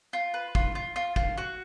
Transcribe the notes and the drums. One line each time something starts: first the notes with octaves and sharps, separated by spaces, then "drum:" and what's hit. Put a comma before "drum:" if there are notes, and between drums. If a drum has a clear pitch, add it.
F4
B4
F4, drum: kick
F4
F4
F4, drum: kick
F#4